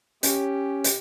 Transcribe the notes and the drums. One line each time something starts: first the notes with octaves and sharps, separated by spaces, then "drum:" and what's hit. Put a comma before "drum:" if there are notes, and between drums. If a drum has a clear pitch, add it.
C#4 G4, drum: hi-hat
drum: hi-hat